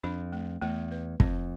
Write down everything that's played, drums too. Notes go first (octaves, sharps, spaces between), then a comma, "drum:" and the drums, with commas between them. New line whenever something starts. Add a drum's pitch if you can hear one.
F2 D4
A3
E2 A3
B4
F2 C4, drum: kick